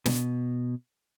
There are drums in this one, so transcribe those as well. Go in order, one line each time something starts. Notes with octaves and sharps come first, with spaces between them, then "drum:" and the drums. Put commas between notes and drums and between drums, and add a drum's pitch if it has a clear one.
B2, drum: snare